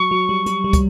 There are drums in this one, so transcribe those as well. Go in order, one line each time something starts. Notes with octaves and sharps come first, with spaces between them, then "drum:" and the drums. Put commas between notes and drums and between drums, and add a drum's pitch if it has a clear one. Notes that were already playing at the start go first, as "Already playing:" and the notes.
Already playing: F#3 C#6
F#3
G3
G3, drum: hi-hat
G3
drum: kick, hi-hat